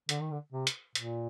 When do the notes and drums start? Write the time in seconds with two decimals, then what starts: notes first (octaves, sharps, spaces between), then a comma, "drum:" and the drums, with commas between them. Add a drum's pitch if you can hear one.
0.09 D3, drum: hi-hat
0.21 D#3
0.31 D3
0.52 C3
0.67 drum: hi-hat
0.95 A#2, drum: hi-hat